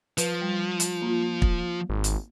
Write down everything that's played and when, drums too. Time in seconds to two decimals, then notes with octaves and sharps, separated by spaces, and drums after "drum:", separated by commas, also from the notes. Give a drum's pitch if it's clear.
0.18 F3 B4, drum: hi-hat
0.41 G3
0.80 drum: hi-hat
1.02 A#3 F4
1.42 drum: kick
1.89 G#1
2.04 drum: hi-hat